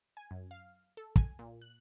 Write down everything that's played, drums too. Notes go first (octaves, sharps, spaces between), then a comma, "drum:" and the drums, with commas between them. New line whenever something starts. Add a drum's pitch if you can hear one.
G#5
F#2
F5
A4
G#5, drum: kick
A#2
F#6